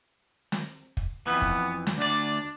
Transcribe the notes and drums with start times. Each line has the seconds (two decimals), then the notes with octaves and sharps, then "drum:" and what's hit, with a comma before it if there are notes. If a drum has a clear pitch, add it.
0.52 drum: snare
0.97 drum: kick
1.27 F2 E3 B3
1.42 drum: kick
1.87 drum: snare
1.98 D2 D4 D5